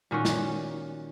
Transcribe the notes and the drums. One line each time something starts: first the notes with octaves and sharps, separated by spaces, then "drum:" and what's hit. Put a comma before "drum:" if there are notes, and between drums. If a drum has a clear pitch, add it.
A#2 D#3 C#4 F#4
drum: snare